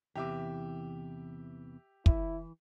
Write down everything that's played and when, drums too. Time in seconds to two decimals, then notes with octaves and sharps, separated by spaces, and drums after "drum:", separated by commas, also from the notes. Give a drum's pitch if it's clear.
0.16 E2 C3 E3 G4 E5 D6
2.06 E3 E4, drum: kick